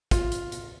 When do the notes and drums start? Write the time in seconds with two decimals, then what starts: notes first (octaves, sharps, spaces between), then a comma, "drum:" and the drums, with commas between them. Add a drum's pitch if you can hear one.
0.11 F4, drum: kick, hi-hat
0.32 drum: hi-hat
0.52 drum: hi-hat